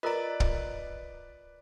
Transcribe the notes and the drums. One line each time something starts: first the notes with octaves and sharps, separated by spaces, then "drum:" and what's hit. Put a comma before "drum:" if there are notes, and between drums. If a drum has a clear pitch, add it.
F4 A#4 B4 D5 D#5 A#5
drum: kick